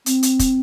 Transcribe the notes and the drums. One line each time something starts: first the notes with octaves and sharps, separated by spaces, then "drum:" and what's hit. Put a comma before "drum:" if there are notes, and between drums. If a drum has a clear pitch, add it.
C4, drum: hi-hat
drum: hi-hat
drum: kick, hi-hat